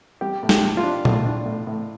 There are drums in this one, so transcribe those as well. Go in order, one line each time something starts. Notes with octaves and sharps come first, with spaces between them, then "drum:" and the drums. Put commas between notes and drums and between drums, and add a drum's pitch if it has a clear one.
G3 G4
A2
G4, drum: snare
A2
F4
D4
A2, drum: tom A#2
D4
A2
A2